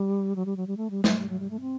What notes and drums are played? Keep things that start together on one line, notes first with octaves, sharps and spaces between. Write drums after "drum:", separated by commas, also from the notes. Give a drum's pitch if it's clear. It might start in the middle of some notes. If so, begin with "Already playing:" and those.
Already playing: G3
F#3
G3
F#3
G3
A3
G3
F#3, drum: snare
G3
F#3
G3
A3
C4